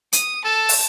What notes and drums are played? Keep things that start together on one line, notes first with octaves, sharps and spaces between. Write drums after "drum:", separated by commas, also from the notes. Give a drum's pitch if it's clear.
D#6, drum: hi-hat
A4 A5
drum: open hi-hat